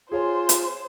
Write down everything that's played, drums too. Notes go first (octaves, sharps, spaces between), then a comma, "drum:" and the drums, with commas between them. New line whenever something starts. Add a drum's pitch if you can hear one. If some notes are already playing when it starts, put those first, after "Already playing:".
F4 G#4 C5 C#5 G#5
drum: hi-hat